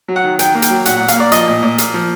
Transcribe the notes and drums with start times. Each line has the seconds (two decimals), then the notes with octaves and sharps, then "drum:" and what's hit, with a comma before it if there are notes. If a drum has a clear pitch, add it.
0.08 F#3
0.16 F#5
0.24 D#3
0.39 D#3 G5, drum: hi-hat
0.55 A#3
0.62 G5, drum: hi-hat
0.70 F#3
0.86 A#2 F#5, drum: hi-hat
0.97 F#5
1.00 A#2
1.08 F5, drum: hi-hat
1.16 A#3 D5
1.32 F3 D#5, drum: hi-hat
1.47 A#2
1.62 A#2
1.78 A#3, drum: hi-hat
1.94 F3